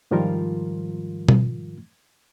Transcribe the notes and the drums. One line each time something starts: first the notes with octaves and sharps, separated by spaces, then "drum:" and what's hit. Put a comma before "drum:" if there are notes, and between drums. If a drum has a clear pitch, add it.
G#2 D#3 F3 G3 F4 A#4
drum: tom B2